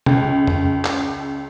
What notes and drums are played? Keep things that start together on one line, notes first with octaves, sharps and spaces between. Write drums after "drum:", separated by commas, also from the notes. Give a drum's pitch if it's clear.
C#2, drum: tom B2
drum: tom
drum: clap